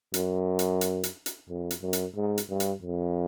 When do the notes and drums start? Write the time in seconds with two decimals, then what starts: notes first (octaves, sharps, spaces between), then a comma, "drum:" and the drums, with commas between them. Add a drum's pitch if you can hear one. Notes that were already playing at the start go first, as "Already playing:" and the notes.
0.14 F#2, drum: hi-hat
0.59 drum: hi-hat
0.81 drum: hi-hat
1.03 drum: hi-hat
1.26 drum: hi-hat
1.49 F2
1.71 drum: hi-hat
1.82 F#2
1.93 drum: hi-hat
2.15 G#2
2.38 drum: hi-hat
2.49 G2
2.60 drum: hi-hat
2.82 F2